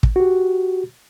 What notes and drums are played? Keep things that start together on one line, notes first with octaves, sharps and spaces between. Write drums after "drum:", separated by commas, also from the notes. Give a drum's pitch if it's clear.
drum: kick
F#4 G4